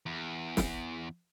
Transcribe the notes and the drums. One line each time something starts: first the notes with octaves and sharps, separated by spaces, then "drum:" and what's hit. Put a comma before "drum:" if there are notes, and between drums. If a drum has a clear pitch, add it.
E2
drum: snare